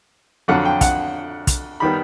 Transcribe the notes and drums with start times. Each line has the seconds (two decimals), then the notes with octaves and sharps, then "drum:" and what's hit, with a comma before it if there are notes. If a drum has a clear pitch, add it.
0.48 F2 D3 F#3 F#5
0.65 G5
0.81 F#5, drum: kick, hi-hat
1.47 drum: kick, hi-hat
1.80 D#3 G3 B3 B5